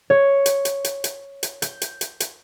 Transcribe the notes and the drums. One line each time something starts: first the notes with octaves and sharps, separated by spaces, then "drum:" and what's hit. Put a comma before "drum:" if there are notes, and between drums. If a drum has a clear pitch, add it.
C#5
drum: hi-hat
drum: hi-hat
drum: hi-hat
drum: hi-hat
drum: hi-hat
G6, drum: hi-hat
drum: hi-hat
drum: hi-hat
drum: hi-hat